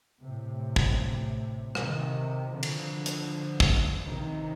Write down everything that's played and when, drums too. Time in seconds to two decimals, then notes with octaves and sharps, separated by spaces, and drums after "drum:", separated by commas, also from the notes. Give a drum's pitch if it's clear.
0.22 A2 C3
0.76 drum: kick
1.75 C3 D#3, drum: rim click
2.51 D3 F3
2.63 drum: cymbal
3.06 drum: hi-hat
3.60 drum: kick
4.05 C3 D#3